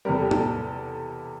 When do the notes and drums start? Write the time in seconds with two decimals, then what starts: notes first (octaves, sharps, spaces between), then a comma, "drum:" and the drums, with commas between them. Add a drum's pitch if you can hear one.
0.05 E2 C3 G3 A#4
0.14 A4
0.22 G4
0.31 A4, drum: tom